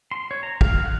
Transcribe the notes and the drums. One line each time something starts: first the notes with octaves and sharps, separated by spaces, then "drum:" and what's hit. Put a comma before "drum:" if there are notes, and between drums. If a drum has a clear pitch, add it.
C6
C#5
A#5
F5, drum: kick
F#5